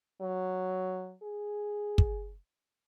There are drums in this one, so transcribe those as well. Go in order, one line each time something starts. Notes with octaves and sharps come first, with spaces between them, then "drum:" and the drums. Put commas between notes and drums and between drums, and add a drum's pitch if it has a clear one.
F#3
G#4
drum: kick